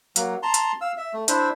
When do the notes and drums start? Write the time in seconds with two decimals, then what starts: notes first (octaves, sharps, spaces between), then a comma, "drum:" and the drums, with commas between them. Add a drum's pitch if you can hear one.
0.16 F#3 A#3, drum: hi-hat
0.43 A5 A#5 C6
0.54 drum: hi-hat
0.81 F5 E6
0.97 E5
1.13 A3
1.28 D4 E4 C5 E5, drum: hi-hat